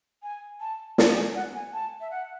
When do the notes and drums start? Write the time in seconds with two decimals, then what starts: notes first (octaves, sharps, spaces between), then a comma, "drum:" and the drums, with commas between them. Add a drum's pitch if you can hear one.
0.23 G#5
0.60 A5
0.98 A5, drum: snare
1.16 G#5
1.35 F#5
1.55 G#5
1.73 A5
2.01 E5
2.11 F#5